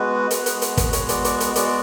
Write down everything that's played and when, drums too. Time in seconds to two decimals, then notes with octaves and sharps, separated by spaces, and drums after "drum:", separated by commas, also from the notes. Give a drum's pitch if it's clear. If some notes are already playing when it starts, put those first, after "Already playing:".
Already playing: G#3 B3 F#4 B4
0.31 G#3 B3 F#4, drum: hi-hat
0.46 drum: hi-hat
0.62 drum: hi-hat
0.77 drum: kick, hi-hat
0.93 G#3 B3 F#4 C#5, drum: hi-hat
1.09 D5, drum: hi-hat
1.25 D5, drum: hi-hat
1.40 drum: hi-hat
1.56 G#3 B3 F#4 D5, drum: hi-hat